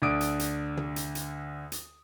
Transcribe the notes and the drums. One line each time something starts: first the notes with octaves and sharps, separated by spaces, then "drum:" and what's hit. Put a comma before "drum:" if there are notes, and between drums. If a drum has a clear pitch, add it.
D2 D3 D5 D#6 D7
drum: hi-hat
drum: hi-hat
drum: tom
drum: hi-hat
drum: hi-hat
drum: hi-hat